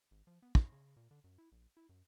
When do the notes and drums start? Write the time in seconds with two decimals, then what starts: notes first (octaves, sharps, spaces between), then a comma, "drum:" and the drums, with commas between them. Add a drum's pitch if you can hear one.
0.11 G#1
0.27 F3
0.42 B3
0.55 F#2, drum: kick
0.72 C#3
0.96 A#2
1.11 D3
1.24 F#2
1.38 E4
1.52 A#1
1.77 E4
1.89 F#2